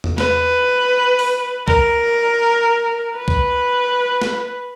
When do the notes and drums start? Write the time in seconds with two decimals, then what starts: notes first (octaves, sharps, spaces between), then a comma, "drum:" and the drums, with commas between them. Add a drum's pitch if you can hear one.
0.04 drum: tom E2
0.18 B4, drum: snare
1.19 drum: open hi-hat
1.68 A#4, drum: kick C2
3.17 B4
3.28 drum: kick C2
4.22 drum: snare